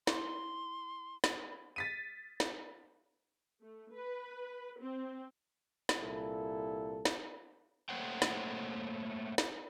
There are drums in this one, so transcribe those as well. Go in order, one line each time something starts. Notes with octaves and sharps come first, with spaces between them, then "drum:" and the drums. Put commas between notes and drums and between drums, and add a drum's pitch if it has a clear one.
E4 C6, drum: snare
drum: snare
A6 B6 D#7
drum: snare
A3
B4
C4
drum: snare
C2 A#2 E4 A4
drum: snare
A3 A#3 C5 C#5 F#5 G5
drum: snare
drum: snare